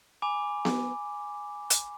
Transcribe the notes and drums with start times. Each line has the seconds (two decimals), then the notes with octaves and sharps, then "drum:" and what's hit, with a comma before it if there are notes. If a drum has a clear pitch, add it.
0.22 G#5 B5 D6
0.65 drum: snare B3
1.70 drum: hi-hat